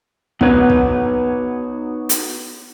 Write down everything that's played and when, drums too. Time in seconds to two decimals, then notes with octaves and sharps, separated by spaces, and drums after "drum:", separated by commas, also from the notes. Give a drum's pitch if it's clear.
0.41 B3 D#4 F#4 B4 C#5, drum: kick
0.70 drum: kick
2.09 drum: hi-hat